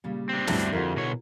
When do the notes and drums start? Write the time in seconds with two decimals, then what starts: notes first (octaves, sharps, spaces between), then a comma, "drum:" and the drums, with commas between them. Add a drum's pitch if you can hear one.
0.04 A#2 C#3 G3
0.29 C4 D4
0.47 D2 G2 F#3 B3 E4 A5, drum: snare
0.73 F2 D3 E4 F#4 G#4 A#4
0.97 B2 C#5